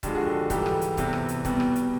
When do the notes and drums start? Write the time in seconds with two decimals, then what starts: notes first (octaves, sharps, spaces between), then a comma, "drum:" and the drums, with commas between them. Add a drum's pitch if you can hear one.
0.03 G2 D3 F3 G#3 G4, drum: kick, hi-hat
0.15 F#4 G#4
0.26 G4 A4
0.50 G#2 E3 G3 G4 A4, drum: kick, hi-hat
0.66 drum: rim click
0.81 drum: hi-hat
0.97 E2 C3 E3, drum: kick, hi-hat
1.13 drum: rim click
1.28 drum: hi-hat
1.45 B2 G3, drum: kick, hi-hat
1.60 drum: rim click
1.75 drum: hi-hat